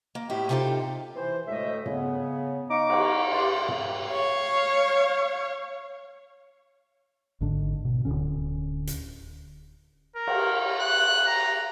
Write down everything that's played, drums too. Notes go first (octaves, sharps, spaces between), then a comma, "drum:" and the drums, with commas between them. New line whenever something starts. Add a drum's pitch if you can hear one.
A#3
A2 E4 G4
C3 D#4 F4 G4 A4
E3 C5
D2 A2 G#3 A3 D#5 E5
C#3 B3, drum: tom
D#4 F5 A#5 C#6 D6
drum: cymbal
G2 E4 G4 D5 F5 C6
drum: tom
C#5 F5
G#1 G#2 D3 D4
B2
D1 D#2 D3 C#4
drum: hi-hat
A#4
drum: cymbal
F#6
A#5